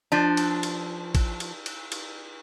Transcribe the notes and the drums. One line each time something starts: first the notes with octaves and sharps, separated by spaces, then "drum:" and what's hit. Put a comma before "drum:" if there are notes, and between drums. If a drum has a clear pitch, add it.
F3 D4
drum: cymbal
drum: cymbal
drum: kick, cymbal
drum: cymbal
drum: cymbal
drum: cymbal